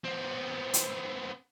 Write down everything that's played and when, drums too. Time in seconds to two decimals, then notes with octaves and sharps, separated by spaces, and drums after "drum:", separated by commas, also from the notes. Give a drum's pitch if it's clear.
0.05 B3 C4
0.74 drum: hi-hat